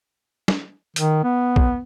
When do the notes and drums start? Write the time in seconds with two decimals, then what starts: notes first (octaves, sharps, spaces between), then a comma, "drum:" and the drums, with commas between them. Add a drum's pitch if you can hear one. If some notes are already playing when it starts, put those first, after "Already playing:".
0.48 drum: snare
0.96 D#3, drum: hi-hat
1.24 B3
1.56 drum: kick A#1